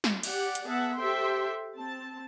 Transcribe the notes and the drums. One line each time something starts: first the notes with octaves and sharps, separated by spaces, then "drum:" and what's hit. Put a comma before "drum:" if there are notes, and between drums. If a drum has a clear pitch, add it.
drum: snare
G4 D5 F#5, drum: cymbal
drum: hi-hat
B3 G#4 E5 F#5 A5
G4 A4 C5 E5 G5 C6
C4 A5